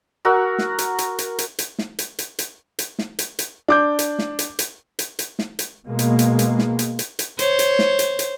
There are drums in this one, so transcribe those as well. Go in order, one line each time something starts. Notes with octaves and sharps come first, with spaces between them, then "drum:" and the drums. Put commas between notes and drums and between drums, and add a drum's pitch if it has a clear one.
F#4 A#4 F#5 E6
drum: snare
drum: hi-hat
drum: hi-hat
drum: hi-hat
drum: hi-hat
drum: hi-hat
drum: snare
drum: hi-hat
drum: hi-hat
drum: hi-hat
drum: hi-hat
drum: snare
drum: hi-hat
drum: hi-hat
D4 D6 G6
drum: hi-hat
drum: snare
drum: hi-hat
drum: hi-hat
drum: hi-hat
drum: hi-hat
drum: snare
drum: hi-hat
B2 G#3 A#3
drum: hi-hat
drum: hi-hat
drum: hi-hat
drum: snare
drum: hi-hat
drum: hi-hat
drum: hi-hat
C5 C#5, drum: hi-hat
drum: hi-hat
drum: snare
drum: hi-hat
drum: hi-hat